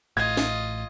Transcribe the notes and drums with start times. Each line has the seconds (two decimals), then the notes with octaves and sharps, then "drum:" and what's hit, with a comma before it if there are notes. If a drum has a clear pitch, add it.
0.17 A1 A2 F4 D#5 G#6
0.37 drum: snare